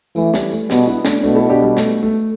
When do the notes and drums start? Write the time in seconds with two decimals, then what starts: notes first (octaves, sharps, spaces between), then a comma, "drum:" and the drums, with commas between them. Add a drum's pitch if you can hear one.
0.16 E3 A3, drum: tambourine
0.34 G3, drum: snare
0.51 A3, drum: tambourine
0.70 B2 G3 B3, drum: snare
0.87 B3 E4, drum: tambourine
1.05 A3 D4, drum: snare
1.23 B2 A3 D4
1.36 E4 A4
1.49 D4 G4
1.62 G3
1.77 A3, drum: snare
2.03 A3